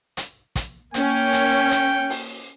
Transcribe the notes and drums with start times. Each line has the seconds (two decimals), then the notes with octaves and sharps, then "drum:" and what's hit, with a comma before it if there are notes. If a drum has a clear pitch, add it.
0.17 drum: hi-hat
0.56 drum: kick, hi-hat
0.94 A#3 C#4 G5, drum: hi-hat
1.33 drum: hi-hat
1.71 drum: hi-hat
2.10 drum: open hi-hat